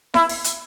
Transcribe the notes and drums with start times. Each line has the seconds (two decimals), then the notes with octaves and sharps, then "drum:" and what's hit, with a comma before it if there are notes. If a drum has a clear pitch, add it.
0.14 E4, drum: snare E4
0.29 drum: open hi-hat
0.44 drum: hi-hat